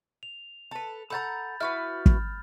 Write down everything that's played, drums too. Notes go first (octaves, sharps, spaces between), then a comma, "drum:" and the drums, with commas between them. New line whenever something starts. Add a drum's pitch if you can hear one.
F7
A4 B4
A4 F#5 A#5 B5 G6 A6
E4 F#4 B4 F6
drum: kick